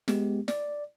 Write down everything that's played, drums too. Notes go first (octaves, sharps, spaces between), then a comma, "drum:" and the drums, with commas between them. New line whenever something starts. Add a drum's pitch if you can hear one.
G#3 B3 G4, drum: snare
D5, drum: snare